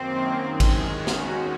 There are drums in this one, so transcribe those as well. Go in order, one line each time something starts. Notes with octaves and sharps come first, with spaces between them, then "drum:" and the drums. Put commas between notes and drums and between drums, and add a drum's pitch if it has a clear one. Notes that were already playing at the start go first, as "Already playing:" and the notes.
Already playing: F#2 D#3 A#3 C4
F#2 D#3 G#3
drum: kick A1, cymbal
D#3 G#3 C#4 F#4
drum: snare